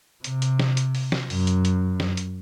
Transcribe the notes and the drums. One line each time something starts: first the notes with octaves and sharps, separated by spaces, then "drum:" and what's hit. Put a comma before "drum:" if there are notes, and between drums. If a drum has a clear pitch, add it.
C3, drum: hi-hat
drum: hi-hat
drum: snare
drum: hi-hat
drum: open hi-hat
drum: snare
F#2, drum: open hi-hat
drum: hi-hat
drum: hi-hat
drum: snare
drum: hi-hat